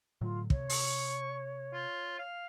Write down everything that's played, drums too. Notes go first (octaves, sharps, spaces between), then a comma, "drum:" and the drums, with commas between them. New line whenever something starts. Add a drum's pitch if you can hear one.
A2 D3 F#3 F4
C3 C#5, drum: kick
C#6, drum: open hi-hat
F4
F5